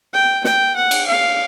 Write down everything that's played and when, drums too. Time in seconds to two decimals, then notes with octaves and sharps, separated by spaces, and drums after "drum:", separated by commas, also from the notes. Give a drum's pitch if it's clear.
0.13 G5
0.44 G5, drum: snare
0.76 F#5
0.91 drum: cymbal
1.07 F5